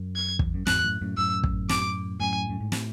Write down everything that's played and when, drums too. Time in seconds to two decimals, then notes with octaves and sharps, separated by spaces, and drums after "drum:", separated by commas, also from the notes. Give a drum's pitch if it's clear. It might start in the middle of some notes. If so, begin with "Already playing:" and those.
Already playing: F#2
0.16 G#6
0.39 E2, drum: kick
0.54 F#2
0.67 E2 G#2 F#6, drum: snare
0.83 F#2 A2
1.01 F#2 A2
1.17 F#2 A2 E6
1.43 drum: kick
1.69 D6, drum: snare
2.20 F#2 A2 G#5
2.49 F#2
2.60 G#2
2.72 A2, drum: snare